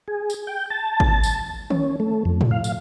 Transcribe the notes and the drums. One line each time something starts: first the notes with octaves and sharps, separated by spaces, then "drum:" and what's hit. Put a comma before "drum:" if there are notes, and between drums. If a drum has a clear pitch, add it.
G#4
drum: tambourine
G5
A5
drum: kick G#1
drum: tambourine
C#4, drum: tom D#3
A3
F2
drum: tom A2
F5
drum: tambourine